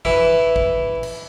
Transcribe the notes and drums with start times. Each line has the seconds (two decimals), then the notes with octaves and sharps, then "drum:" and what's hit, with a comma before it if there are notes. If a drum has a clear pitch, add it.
0.05 E3 E4, drum: kick
0.56 drum: kick
1.03 drum: cymbal